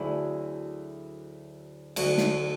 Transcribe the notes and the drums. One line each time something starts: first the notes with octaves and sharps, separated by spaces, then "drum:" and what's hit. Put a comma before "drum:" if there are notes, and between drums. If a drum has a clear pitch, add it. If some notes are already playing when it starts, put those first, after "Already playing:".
Already playing: D2 D3 F#3 E4 G#4
D2 D3 F#3 F#4 A4, drum: cymbal
drum: snare